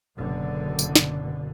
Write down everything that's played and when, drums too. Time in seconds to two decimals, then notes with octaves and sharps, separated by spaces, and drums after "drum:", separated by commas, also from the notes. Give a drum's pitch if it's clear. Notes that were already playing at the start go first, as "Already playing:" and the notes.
0.17 F#1 B2 D3
0.79 drum: tambourine
0.95 drum: snare